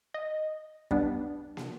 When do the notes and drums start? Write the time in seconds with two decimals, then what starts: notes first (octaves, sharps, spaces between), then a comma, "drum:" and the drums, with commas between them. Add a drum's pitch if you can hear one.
0.14 D#5
0.91 G3 B3 D4, drum: kick
1.57 drum: snare